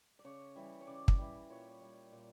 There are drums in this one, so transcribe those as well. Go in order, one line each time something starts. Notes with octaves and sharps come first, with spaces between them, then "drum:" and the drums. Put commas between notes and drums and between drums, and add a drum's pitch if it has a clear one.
D5
C#3 C#5
E3 G3
C#5
C#3 D5
drum: kick
E3 G3
A#2 C#5
G3
A#2